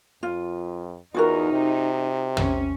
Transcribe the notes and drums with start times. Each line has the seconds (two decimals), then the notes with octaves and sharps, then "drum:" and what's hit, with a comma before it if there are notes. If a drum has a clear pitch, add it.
0.23 F2 F4
1.14 E2 D#4 F4 F#4 A#4
1.52 C3
2.37 C#4, drum: tom